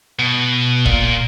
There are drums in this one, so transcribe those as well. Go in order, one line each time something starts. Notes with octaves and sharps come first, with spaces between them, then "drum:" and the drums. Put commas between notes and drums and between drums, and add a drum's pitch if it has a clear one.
B2
A#2, drum: kick